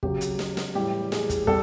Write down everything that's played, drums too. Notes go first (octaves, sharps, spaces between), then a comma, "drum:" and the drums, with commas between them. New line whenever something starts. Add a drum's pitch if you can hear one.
C#3 F#3 G4, drum: kick
drum: hi-hat
drum: snare
drum: snare
A2 E3 G3 G4
G#4, drum: snare
drum: kick, hi-hat
G3 A4, drum: kick